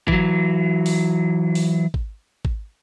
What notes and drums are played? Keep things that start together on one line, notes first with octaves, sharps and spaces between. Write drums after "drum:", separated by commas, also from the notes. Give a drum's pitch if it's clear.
E3 F#3, drum: kick
drum: open hi-hat
drum: open hi-hat
drum: kick
drum: kick